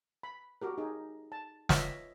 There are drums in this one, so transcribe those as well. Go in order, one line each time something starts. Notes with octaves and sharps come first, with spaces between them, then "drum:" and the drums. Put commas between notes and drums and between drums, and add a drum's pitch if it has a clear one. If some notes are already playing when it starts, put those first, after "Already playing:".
B5
F#4 G4 A#4
D#4 G#4
A5
F4 B4 C#5 D#5 E5, drum: snare